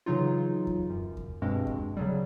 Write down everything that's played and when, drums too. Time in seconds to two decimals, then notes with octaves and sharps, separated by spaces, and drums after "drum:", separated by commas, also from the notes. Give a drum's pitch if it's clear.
0.06 C#3 E3 F#3 D#4 F4
0.67 drum: kick D#2
0.90 F#2
1.17 drum: kick D#2
1.42 G2 B2 G#3 C4
1.67 drum: kick D#2
1.97 C#3 F#3 G3